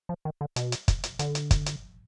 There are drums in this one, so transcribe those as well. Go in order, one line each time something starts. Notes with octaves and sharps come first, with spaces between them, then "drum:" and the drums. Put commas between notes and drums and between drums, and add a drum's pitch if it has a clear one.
F3
D#3
D3
B2, drum: hi-hat
drum: hi-hat
drum: kick, hi-hat
drum: hi-hat
D3, drum: hi-hat
drum: hi-hat
drum: kick, hi-hat
drum: hi-hat